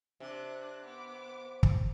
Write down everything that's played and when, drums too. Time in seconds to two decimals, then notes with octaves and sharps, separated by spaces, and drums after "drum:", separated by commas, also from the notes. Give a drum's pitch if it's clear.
0.20 C3 D4 F#6
0.85 B3 D6
1.63 drum: kick